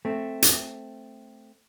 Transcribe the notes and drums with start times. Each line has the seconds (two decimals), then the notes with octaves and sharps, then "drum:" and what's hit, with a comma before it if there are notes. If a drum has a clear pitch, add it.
0.05 A3 C4
0.42 drum: hi-hat